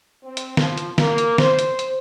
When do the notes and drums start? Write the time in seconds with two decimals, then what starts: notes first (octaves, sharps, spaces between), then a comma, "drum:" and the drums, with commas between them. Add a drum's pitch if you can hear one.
0.23 C4
0.37 drum: hi-hat
0.57 F3, drum: snare
0.78 drum: hi-hat
0.98 A#3, drum: snare
1.18 drum: hi-hat
1.38 C5, drum: snare
1.59 drum: hi-hat
1.79 drum: hi-hat